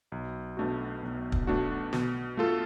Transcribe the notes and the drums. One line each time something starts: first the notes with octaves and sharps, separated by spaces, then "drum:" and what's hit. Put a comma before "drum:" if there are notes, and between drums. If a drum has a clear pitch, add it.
B1
B2 A3 D4 F#4
B1
drum: kick
B2 A3 D4 F#4
B2, drum: snare
A3 F4 A4